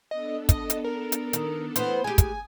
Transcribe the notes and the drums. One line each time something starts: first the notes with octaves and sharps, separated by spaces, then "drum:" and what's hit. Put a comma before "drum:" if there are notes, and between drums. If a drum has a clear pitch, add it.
B3 D4 A4 D#5
D#5, drum: kick, hi-hat
drum: hi-hat
A#4
drum: hi-hat
D#3, drum: hi-hat
E3 B3 C5 D#6, drum: hi-hat
G#3 G4 G#5
drum: kick, hi-hat